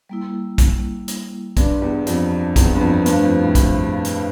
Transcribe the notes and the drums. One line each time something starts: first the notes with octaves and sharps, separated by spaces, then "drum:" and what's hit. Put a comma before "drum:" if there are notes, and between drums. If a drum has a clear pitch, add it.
G3 A#3 E4
drum: kick, hi-hat
drum: hi-hat
G2 D4 G4 D5, drum: kick, hi-hat
E2
F2, drum: hi-hat
E2, drum: kick, hi-hat
G2
F2
G2 A3 D4 G4 C5 F5, drum: hi-hat
F2
A2
drum: kick, hi-hat
drum: hi-hat